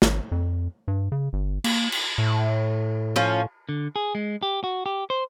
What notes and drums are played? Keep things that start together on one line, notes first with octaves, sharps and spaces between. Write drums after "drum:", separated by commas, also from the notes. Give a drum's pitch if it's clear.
G#1, drum: snare
F2
G2
C#3
G1
A#3, drum: cymbal
drum: cymbal
A2
F3 C#4
D3
G#4
G#3
G4
F#4
G4
C5